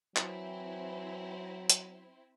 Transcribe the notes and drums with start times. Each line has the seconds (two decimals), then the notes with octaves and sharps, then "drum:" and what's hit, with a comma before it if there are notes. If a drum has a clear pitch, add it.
0.16 E3 F#3 C4 E4, drum: clap
1.70 drum: hi-hat